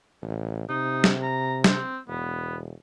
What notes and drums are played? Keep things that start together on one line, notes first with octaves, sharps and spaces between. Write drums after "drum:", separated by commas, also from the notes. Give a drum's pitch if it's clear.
A1
C3 D#4
drum: snare
A#5
C4, drum: snare
E1 B3